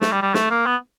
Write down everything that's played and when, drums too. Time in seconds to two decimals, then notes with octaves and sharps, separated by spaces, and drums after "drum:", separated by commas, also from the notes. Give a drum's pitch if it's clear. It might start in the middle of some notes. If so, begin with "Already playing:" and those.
0.01 A3, drum: snare
0.12 G3
0.22 G3
0.34 A3, drum: snare
0.51 A#3
0.66 B3